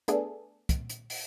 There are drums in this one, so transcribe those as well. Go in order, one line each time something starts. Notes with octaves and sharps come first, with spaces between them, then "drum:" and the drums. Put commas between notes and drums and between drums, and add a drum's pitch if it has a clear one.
A3 B3 D4 G#4 A4, drum: hi-hat
drum: kick, hi-hat
drum: hi-hat
drum: open hi-hat